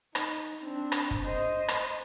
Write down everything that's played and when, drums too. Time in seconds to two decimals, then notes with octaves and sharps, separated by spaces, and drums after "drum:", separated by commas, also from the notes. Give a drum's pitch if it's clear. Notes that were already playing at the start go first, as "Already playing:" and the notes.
0.15 D#4, drum: rim click
0.62 C4 D4
0.92 drum: rim click
1.11 drum: kick
1.23 C5 D#5
1.68 drum: rim click